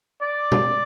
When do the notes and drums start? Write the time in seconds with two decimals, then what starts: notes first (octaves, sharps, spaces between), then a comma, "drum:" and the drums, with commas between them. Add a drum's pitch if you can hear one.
0.22 D5
0.52 drum: tom B2